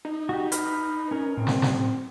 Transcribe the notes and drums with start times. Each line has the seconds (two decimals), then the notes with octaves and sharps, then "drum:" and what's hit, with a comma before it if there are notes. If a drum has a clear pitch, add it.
0.05 D#4
0.29 F#4 G4
0.52 B4 F6, drum: hi-hat
1.11 C#4 A#4
1.37 A2 C4
1.47 drum: snare
1.62 drum: snare